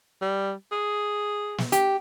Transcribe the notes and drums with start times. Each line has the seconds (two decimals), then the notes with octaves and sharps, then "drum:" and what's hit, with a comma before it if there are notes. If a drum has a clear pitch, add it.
0.22 G3
0.72 G#4
1.58 drum: snare
1.72 G4, drum: hi-hat